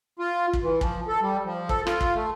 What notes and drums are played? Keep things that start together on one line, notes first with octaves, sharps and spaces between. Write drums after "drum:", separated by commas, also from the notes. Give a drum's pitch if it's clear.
F4
drum: kick
E3
F3, drum: kick
A4
G3
F3
A4, drum: kick
F4, drum: rim click
drum: kick
A3